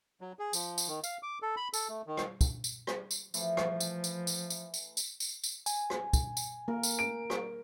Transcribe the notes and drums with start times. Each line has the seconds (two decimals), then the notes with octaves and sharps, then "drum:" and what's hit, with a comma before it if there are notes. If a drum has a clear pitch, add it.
0.21 F#3
0.39 G#4
0.53 F3, drum: tambourine
0.78 drum: tambourine
0.88 D#3
1.04 F5, drum: tambourine
1.23 D6
1.42 A4
1.57 B5
1.74 A4, drum: tambourine
1.89 A3
2.07 D#3
2.17 drum: rim click
2.41 drum: kick, tambourine
2.64 drum: tambourine
2.87 drum: rim click
3.11 drum: tambourine
3.34 E3 F3 A3, drum: tambourine
3.57 drum: rim click
3.80 drum: tambourine
4.04 drum: tambourine
4.27 drum: tambourine
4.50 drum: tambourine
4.74 drum: tambourine
4.97 drum: tambourine
5.20 drum: tambourine
5.44 drum: tambourine
5.66 G#5, drum: tambourine
5.90 drum: rim click
6.13 drum: kick, tambourine
6.37 drum: tambourine
6.68 A#3 A#4
6.83 drum: tambourine
6.99 D7
7.30 drum: rim click